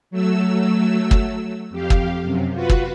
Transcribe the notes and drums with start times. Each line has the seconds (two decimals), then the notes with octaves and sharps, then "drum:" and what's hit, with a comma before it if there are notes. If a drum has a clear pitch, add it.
0.11 F#3 A3 E6
1.11 drum: kick
1.70 F2 G4 F5
1.90 drum: kick
2.23 F#2 C3
2.53 F4 F#4 B4
2.70 drum: kick